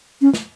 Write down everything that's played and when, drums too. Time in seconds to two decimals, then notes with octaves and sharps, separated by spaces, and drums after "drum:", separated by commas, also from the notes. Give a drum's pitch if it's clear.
0.21 C#4
0.34 drum: snare